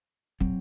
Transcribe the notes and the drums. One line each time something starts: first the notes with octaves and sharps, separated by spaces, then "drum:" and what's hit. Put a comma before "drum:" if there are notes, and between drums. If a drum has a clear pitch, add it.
F#3 C4, drum: kick